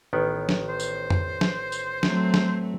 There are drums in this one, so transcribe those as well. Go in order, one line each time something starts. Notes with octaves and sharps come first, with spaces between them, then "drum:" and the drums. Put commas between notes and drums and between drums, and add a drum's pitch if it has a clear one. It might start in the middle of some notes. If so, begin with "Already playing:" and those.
A1 D#3 B3
drum: snare
C5
drum: tambourine
drum: tom F2
drum: snare
drum: tambourine
F#3 A3 C4, drum: snare
drum: snare